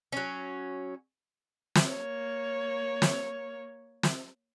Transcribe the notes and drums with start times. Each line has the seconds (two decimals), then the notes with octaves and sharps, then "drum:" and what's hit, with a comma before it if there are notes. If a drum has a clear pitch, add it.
0.12 F#3 C#4
1.75 drum: snare
1.87 A#3 C#5
3.02 drum: snare
4.03 drum: snare